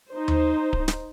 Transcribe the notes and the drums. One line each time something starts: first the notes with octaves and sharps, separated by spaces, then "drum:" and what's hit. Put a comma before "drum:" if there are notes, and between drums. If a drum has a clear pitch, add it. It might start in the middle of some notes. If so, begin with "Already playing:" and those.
D#4 C5
drum: tom D#2
drum: kick D1
drum: snare